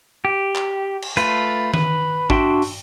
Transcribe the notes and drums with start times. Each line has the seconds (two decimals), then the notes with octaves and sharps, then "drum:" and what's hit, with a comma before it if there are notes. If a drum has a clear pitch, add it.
0.25 G4
0.56 drum: clap
1.02 drum: cymbal
1.17 A3 F4 B4, drum: hi-hat
1.74 B4, drum: tom D#3
2.30 D4 F#4 E5 G5 C6, drum: kick
2.62 drum: open hi-hat